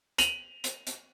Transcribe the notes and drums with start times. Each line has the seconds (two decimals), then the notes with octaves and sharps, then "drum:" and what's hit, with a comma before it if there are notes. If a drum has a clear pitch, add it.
0.18 D#7 F7 F#7, drum: hi-hat
0.64 drum: hi-hat
0.87 drum: hi-hat